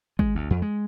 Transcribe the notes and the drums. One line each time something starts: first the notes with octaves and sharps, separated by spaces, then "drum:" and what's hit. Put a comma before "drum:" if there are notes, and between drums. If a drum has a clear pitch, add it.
G#3, drum: kick G#1
D2
F2
G#3